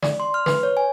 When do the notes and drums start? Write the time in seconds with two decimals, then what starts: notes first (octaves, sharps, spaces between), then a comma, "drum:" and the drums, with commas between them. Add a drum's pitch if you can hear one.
0.03 D5, drum: snare
0.20 C6
0.34 F6
0.46 B4, drum: snare
0.63 C#5
0.77 G#5